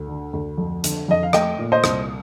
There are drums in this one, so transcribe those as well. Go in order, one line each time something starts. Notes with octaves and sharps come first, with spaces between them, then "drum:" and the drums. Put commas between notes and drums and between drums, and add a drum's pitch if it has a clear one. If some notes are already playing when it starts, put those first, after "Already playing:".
Already playing: D2
D3
D2
F2
D3, drum: hi-hat
F2 D#5
F5
A3 D#5 G5, drum: rim click
A#2
C5 D#5
C2, drum: rim click